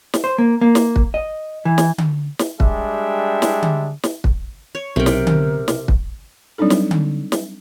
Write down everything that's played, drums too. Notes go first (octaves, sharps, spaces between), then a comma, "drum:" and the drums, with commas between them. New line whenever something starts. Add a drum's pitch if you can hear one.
drum: snare
C5
A#3
A#3
drum: snare
drum: kick
D#5
E3
drum: snare
drum: tom D3
drum: snare
G3 G#3 D4 G4 G#4 E5, drum: kick
drum: snare
drum: tom D3
drum: snare
drum: kick
C#5
B1 C3 A#4 G5
drum: snare
drum: tom D3
drum: snare
drum: kick
F#3 G3 C4 D4 D#4 A4
drum: snare
drum: tom D3
drum: snare